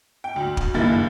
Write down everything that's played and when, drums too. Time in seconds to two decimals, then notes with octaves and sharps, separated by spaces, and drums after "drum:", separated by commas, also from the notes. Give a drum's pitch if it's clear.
0.24 G5
0.36 D2
0.57 drum: kick
0.74 F#1 G2 D#3 A#3 E4 A6